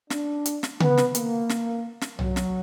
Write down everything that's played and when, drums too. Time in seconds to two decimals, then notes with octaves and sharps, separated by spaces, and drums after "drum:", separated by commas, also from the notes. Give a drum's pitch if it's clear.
0.10 D4, drum: snare
0.46 drum: hi-hat
0.63 drum: snare
0.80 B3, drum: tom C#3
0.97 drum: snare
1.15 A#3, drum: hi-hat
1.49 drum: snare
2.01 drum: snare
2.19 F#3, drum: tom B1
2.36 drum: snare